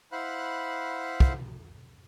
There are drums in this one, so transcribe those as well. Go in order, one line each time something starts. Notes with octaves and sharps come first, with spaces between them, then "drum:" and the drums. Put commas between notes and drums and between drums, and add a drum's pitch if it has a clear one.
E4 C5 F5 F#5 B5 F#6
drum: kick